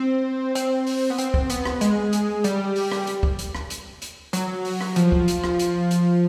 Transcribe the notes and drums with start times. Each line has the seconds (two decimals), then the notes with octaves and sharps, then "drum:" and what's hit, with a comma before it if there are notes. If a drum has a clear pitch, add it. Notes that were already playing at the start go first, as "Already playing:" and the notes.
Already playing: C4
0.55 C4, drum: hi-hat
0.87 drum: open hi-hat
1.10 B3
1.18 C4, drum: hi-hat
1.34 drum: kick
1.50 B3, drum: hi-hat
1.65 drum: rim click
1.81 G#3, drum: hi-hat
2.13 drum: hi-hat
2.44 G3, drum: hi-hat
2.76 drum: open hi-hat
2.92 drum: rim click
3.07 drum: hi-hat
3.23 drum: kick
3.39 drum: hi-hat
3.55 drum: rim click
3.70 drum: hi-hat
4.02 drum: hi-hat
4.33 F#3, drum: hi-hat
4.65 drum: open hi-hat
4.81 drum: rim click
4.96 F3, drum: hi-hat
5.12 drum: kick
5.28 drum: hi-hat
5.44 drum: rim click
5.59 drum: hi-hat
5.91 drum: hi-hat